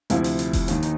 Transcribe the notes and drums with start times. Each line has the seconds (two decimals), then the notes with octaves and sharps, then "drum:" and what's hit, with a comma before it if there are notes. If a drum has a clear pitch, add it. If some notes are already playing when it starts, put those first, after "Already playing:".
0.10 D2 C3 F3 E4, drum: hi-hat
0.24 drum: open hi-hat
0.39 drum: hi-hat
0.53 drum: kick F1, open hi-hat
0.68 D#2 D#3, drum: hi-hat
0.83 D#4, drum: hi-hat